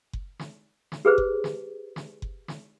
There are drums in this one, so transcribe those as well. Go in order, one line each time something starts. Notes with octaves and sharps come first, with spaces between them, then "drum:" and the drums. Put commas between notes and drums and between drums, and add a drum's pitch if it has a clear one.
drum: kick F#1
drum: snare
drum: snare
G4 G#4 B4 C5
drum: kick F#1
drum: snare
drum: snare
drum: kick F#1
drum: snare